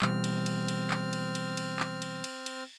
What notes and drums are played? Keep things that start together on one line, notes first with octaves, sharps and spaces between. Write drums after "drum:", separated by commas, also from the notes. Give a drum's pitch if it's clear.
B2 E3 G3 C4 F6, drum: clap
drum: cymbal
drum: cymbal
drum: cymbal
drum: clap
drum: cymbal
drum: cymbal
drum: cymbal
drum: clap
drum: cymbal
drum: cymbal
drum: cymbal